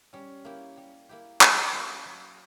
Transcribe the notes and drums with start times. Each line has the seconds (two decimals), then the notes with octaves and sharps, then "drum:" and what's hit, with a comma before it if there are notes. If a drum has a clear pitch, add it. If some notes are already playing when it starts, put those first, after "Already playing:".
0.13 G3 C#4
0.45 A#3 E4 G4
0.77 G3
1.09 A#3 E4 G4
1.41 F#3, drum: clap
1.73 A#3 C#4 F#4
2.05 F#3